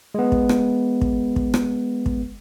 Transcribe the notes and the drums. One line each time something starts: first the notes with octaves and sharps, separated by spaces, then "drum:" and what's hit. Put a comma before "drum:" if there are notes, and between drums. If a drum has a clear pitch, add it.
G#3 B3
drum: kick
drum: rim click
drum: kick
drum: kick
drum: rim click
drum: kick